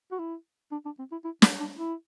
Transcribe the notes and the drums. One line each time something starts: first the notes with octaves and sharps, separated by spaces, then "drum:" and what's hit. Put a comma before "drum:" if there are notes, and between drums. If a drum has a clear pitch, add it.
F#4
E4
D4
D4
C4
E4
E4
D4, drum: snare
D4
E4